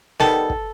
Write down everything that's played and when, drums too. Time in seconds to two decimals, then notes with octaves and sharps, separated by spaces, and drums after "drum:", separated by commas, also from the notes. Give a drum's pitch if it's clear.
0.20 D#3 G3 B3 A4, drum: snare
0.50 drum: kick